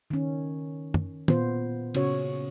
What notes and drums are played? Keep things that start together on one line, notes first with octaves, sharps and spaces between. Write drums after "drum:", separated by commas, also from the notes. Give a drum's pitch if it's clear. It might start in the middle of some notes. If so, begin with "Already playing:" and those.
D#3 C#4
drum: tom
A#2 B3 F4 C5, drum: tom
C#3 C#4 F#4 C#5, drum: cymbal